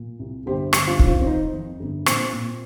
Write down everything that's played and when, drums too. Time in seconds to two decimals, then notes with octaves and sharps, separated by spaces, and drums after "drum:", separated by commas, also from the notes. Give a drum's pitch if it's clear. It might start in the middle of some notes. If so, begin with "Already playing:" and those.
Already playing: A#2
0.19 C2
0.46 G1 G4 C5
0.73 G1, drum: rim click
0.87 C4 F4
0.99 D#3, drum: kick
1.06 C4 F4
1.21 C4
1.26 D#3 D#4
1.54 F2
1.80 G1
2.06 A#2 C4, drum: rim click
2.33 A#2